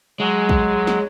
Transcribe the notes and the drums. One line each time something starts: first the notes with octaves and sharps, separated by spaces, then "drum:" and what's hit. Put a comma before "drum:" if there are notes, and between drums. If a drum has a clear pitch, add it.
F#3 G#3
drum: kick
drum: snare